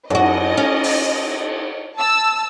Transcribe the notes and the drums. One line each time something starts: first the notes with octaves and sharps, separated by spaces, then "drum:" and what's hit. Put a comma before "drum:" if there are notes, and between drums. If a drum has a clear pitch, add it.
F#2 F#4 D#5, drum: cymbal
C#4
drum: open hi-hat
A5 E6